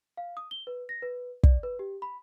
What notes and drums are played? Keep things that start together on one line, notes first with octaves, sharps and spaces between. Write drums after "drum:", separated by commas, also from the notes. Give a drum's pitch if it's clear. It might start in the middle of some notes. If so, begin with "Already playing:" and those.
F5
D#6
G7
B4
A#6
B4
D5, drum: kick
B4
G4
B5